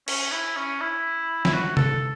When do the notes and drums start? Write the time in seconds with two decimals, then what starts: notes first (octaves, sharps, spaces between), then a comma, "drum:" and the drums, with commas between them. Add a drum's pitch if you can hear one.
0.08 C#4, drum: cymbal
0.32 E4
0.56 C#4
0.81 E4
1.45 E4, drum: snare
1.53 F#4
1.77 A4, drum: tom C3